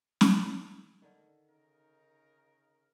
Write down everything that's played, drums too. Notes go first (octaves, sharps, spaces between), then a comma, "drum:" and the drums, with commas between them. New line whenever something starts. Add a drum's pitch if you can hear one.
G4, drum: snare
D3 D#3
C#3 D#4 A#4